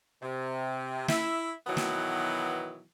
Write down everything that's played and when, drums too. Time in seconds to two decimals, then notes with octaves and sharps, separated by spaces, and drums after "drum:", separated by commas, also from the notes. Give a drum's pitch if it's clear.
0.23 C3
1.08 E4 E5, drum: snare
1.67 B2 D#3 E3 F#3 B3
1.77 drum: snare